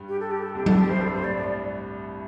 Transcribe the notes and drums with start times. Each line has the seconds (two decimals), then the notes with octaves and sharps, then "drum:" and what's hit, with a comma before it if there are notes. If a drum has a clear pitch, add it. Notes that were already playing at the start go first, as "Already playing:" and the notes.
Already playing: G2 G3
0.08 G4
0.20 A4
0.31 G4
0.43 A4
0.55 C2 C3 G4
0.66 A4, drum: tom F#3
0.70 C2 C3
0.78 G4
0.86 G2 C5
1.01 G2 A4
1.14 G2 C5
1.24 A2 D5
1.36 D5